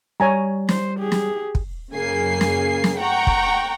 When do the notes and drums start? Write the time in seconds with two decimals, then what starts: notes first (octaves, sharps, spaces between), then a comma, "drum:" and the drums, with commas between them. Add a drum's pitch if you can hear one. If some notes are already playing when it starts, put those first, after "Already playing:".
0.20 G3 C#5 G#5 A#5
0.69 C5, drum: snare
0.98 G4 G#4
1.12 drum: snare
1.55 drum: kick
1.92 F#2 C#3 A#3 G#5 C7
2.41 drum: snare
2.84 drum: snare
2.97 F#5 G5 A#5 C#6
3.27 drum: kick